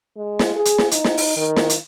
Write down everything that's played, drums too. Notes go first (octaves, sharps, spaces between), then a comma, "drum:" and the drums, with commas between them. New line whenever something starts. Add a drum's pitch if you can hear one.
G#3
drum: snare
G#4
drum: hi-hat
drum: snare
D#4, drum: hi-hat
drum: snare
drum: open hi-hat
D#3
drum: snare
drum: hi-hat